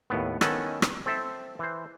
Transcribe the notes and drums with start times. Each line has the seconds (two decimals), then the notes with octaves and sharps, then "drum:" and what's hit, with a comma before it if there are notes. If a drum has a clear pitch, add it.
0.10 D#2 A2 B3
0.41 D#3 B3 C#4 A4 D#5 F#5, drum: rim click
0.82 drum: rim click
1.06 C4 A4 E5
1.59 E3 C5